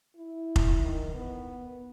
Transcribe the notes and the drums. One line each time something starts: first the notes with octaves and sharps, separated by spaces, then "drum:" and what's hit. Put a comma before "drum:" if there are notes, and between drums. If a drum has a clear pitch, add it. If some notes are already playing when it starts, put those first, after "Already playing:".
E4
drum: kick F1
D#3
B3